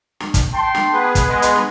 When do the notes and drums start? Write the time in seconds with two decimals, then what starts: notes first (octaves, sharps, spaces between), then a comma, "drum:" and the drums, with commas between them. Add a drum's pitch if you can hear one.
0.20 drum: snare
0.34 drum: kick, hi-hat
0.53 G5 A5 C6
0.75 drum: snare
0.93 B3 G#4 B4
1.15 drum: kick, hi-hat
1.29 G#3
1.42 drum: hi-hat
1.56 drum: snare